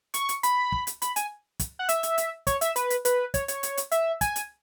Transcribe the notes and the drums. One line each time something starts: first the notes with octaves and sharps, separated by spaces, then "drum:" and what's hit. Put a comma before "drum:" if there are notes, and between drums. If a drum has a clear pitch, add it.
C#6, drum: hi-hat
drum: hi-hat
B5, drum: hi-hat
drum: kick
drum: hi-hat
B5, drum: hi-hat
G#5, drum: hi-hat
drum: kick, hi-hat
F#5
E5, drum: hi-hat
drum: hi-hat
drum: hi-hat
C#5, drum: kick, hi-hat
E5, drum: hi-hat
B4, drum: hi-hat
drum: hi-hat
B4, drum: hi-hat
C#5, drum: kick, hi-hat
C#5, drum: hi-hat
drum: hi-hat
drum: hi-hat
E5, drum: hi-hat
G#5, drum: kick, hi-hat
drum: hi-hat